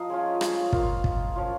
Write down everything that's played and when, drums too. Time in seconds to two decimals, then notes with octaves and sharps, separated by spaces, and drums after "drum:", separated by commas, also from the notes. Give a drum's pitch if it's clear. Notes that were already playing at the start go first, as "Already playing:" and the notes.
Already playing: F3 D#5 F5 A#5
0.10 G#3 C#4 F4 G#5
0.41 F5, drum: rim click
0.73 A#3 F4 F5, drum: kick
1.04 drum: kick
1.36 F3 C#4 F4